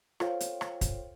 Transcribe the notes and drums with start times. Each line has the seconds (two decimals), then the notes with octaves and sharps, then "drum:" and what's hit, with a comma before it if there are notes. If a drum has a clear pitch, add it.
0.20 F4 A4 C5 C#5 F5 G5, drum: rim click
0.40 drum: hi-hat
0.61 drum: rim click
0.81 drum: kick, hi-hat